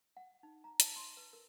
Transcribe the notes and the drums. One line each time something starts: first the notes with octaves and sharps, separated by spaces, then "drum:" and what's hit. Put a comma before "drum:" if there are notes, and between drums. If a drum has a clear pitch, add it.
F#5
D#4
A#5
A5, drum: hi-hat
C6
B4
A#4